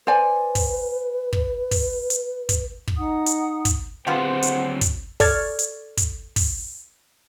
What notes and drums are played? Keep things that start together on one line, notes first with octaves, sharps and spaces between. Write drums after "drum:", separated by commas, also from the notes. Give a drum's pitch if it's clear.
B4 C5 D5 G#5
drum: kick, open hi-hat
drum: kick
drum: kick, open hi-hat
drum: hi-hat
drum: kick, hi-hat
drum: kick
D#4 F#5 D#6
drum: hi-hat
drum: kick, hi-hat
D2 B3 C4 F4 G4 C5 F#5
drum: hi-hat
drum: kick, hi-hat
A4 D5 C#6 F6 G#6 A6, drum: kick, open hi-hat
drum: hi-hat
drum: kick, hi-hat
drum: kick, open hi-hat